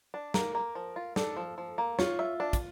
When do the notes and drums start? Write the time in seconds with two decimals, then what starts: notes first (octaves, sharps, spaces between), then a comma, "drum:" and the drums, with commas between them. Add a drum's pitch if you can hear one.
0.14 D4
0.34 A#3 A#4, drum: snare
0.55 A#3
0.75 F3
0.96 F4
1.16 D4 A4, drum: snare
1.37 F3
1.58 F3
1.78 A#3
1.99 F4 C#5, drum: snare
2.19 E5
2.40 D4
2.53 drum: kick, hi-hat